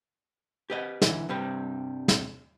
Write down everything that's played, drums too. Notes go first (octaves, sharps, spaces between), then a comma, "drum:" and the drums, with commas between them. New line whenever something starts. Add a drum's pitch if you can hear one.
G4 B4 D#5
D3 E3, drum: snare
G2 C3 G3 B4
drum: snare